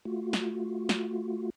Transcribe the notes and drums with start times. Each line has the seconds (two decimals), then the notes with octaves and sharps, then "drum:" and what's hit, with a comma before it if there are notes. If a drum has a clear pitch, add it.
0.05 A3 F4 F#4
0.33 drum: snare
0.89 drum: snare